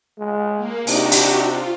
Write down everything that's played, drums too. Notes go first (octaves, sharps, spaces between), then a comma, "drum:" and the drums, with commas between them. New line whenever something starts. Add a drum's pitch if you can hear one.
G#3
A#3
C3 D4 D#4 F#4 G4, drum: open hi-hat
drum: hi-hat
F4